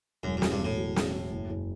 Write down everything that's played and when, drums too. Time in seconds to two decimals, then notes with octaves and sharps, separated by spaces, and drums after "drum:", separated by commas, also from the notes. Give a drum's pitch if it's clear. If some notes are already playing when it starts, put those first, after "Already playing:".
0.23 E1 F#2
0.37 F#2
0.42 F#3, drum: snare
0.51 G2
0.60 E2 A2
0.77 F#3
0.96 F#3, drum: snare
1.14 F#3
1.31 F#1
1.50 F#1